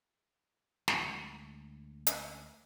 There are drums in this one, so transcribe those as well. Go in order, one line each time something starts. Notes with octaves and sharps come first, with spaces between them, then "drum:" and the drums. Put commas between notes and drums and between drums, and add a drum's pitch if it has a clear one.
D2 G#3, drum: snare
drum: hi-hat